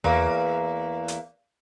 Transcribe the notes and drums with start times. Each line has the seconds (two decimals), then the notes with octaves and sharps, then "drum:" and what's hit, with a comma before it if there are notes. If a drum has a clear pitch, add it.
0.04 E2 A#3, drum: tom E2
1.08 drum: hi-hat